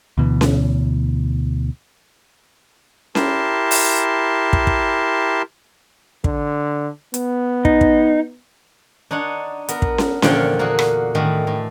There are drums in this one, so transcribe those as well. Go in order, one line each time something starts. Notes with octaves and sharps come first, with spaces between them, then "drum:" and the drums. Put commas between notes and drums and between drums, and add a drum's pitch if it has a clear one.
D2 B2 E3
drum: snare C#4
E4 G4 A#4 A5 C6, drum: snare C#4
drum: open hi-hat
drum: kick
drum: kick
D3, drum: kick
B3, drum: hi-hat
D#4, drum: kick
drum: kick
D4 D#4 C#5 F#5
B3 A#4, drum: hi-hat
drum: kick
drum: snare C#4
E2 A#2 D3 F3 C#5 G5, drum: snare C#4
A#3 F#4 G#4
drum: rim click
A2 D#3 E3
A2